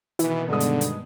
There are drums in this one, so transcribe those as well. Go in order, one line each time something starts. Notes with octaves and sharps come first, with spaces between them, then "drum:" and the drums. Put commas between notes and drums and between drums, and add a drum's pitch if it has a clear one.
B2 D#3 E3 B3 E4, drum: hi-hat
G2 D3 G#3 D#6
drum: hi-hat
drum: hi-hat